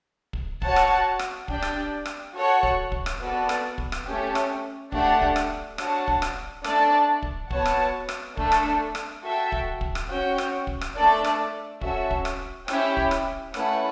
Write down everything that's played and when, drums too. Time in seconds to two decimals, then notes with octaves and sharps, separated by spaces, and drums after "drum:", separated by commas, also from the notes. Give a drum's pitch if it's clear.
0.33 drum: kick
0.62 F#4 C#5 F#5 A5, drum: kick
0.76 drum: rim click
1.19 drum: rim click
1.48 D4 G4 D5 G5, drum: kick
1.62 drum: rim click
2.06 drum: rim click
2.35 F#4 A4 C#5 F#5
2.63 drum: kick
2.92 drum: kick
3.06 drum: rim click
3.20 B3 F#4 A4 D5
3.49 drum: rim click
3.78 drum: kick
3.92 drum: rim click
4.06 A3 C#4 G4
4.35 drum: rim click
4.92 A3 D4 G4 D5 F#5, drum: kick
5.21 drum: kick
5.36 drum: rim click
5.78 D4 F#4 C#5 F#5 A5, drum: rim click
6.08 drum: kick
6.22 drum: rim click
6.64 A3 D4 A4 D5 A5, drum: rim click
7.22 drum: kick
7.51 B3 F#4 C#5 F#5 A5, drum: kick
7.66 drum: rim click
8.09 drum: rim click
8.37 A3 D4 A4, drum: kick
8.52 drum: rim click
8.95 drum: rim click
9.23 F#4 A4 E5 G5
9.52 drum: kick
9.81 drum: kick
9.95 drum: rim click
10.09 C#4 F#4 C#5 G5
10.38 drum: rim click
10.67 drum: kick
10.81 drum: rim click
10.95 A3 D4 A4 D5
11.24 drum: rim click
11.81 C#4 F#4 A4 E5, drum: kick
12.11 drum: kick
12.25 drum: rim click
12.68 C#4 E4 G4 C#5 G5, drum: rim click
12.97 drum: kick
13.11 drum: rim click
13.54 A3 C#4 E4 B4 F#5, drum: rim click